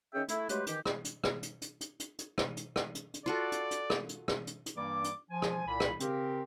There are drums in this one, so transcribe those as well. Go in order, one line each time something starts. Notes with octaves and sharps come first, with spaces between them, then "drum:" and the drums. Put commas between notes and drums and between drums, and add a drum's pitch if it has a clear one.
D#3 C#4 G#4 C#5 E5 G5
A3 E4, drum: hi-hat
F#3 G#3 A3 G4 B4 C5, drum: hi-hat
D#3 E3 G4, drum: hi-hat
drum: rim click
drum: hi-hat
drum: rim click
drum: hi-hat
drum: hi-hat
drum: hi-hat
drum: hi-hat
drum: hi-hat
drum: rim click
drum: hi-hat
drum: rim click
drum: hi-hat
drum: hi-hat
F4 F#4 A4 D5
drum: hi-hat
drum: hi-hat
drum: rim click
drum: hi-hat
drum: rim click
drum: hi-hat
drum: hi-hat
G2 E3 G3 A#3 D5 D6
drum: hi-hat
F3 G#5
drum: rim click
C2 A#2 B5
drum: rim click
C#3 C4 G4 A#4, drum: hi-hat